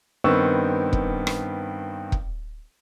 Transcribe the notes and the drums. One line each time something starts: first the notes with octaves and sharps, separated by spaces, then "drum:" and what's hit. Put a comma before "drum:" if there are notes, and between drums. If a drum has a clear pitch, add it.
G2 D#3 B3 C4 C#6 E6
drum: kick E1
drum: rim click
drum: kick E1